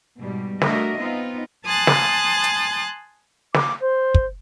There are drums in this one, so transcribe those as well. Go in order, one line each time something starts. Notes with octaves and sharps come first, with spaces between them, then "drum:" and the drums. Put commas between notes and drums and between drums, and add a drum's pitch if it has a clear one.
G#2 B2 G3
A3 D4 F#4 A#4 D#5 E5, drum: snare
B3 C4 D#4 F4
G#5 A5 C6 D#6 F#6 A6
drum: snare
drum: hi-hat
D6, drum: snare
C5
drum: kick